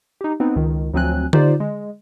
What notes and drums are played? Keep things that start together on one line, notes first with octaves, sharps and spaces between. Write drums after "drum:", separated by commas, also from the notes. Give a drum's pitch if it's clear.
D#4 G4
B3 C4 D#4 B4
C#2 D#3
D2 F3 F#3 C4 G#5 F#6
D#4 F4 G4 C5 D5, drum: tom D3
G#3